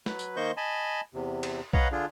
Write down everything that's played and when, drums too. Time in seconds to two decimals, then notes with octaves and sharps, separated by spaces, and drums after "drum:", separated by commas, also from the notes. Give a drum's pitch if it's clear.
0.06 F#3 B4, drum: snare
0.19 drum: tambourine
0.36 D#3 A#3 C5 D#5 C#6 G6
0.57 D#5 G#5 A5 B5
1.14 E2 C3
1.43 drum: cymbal
1.73 B4 C#5 D#5 F5 F#5 A#5, drum: kick B1
1.92 D3 D4 F4 G#4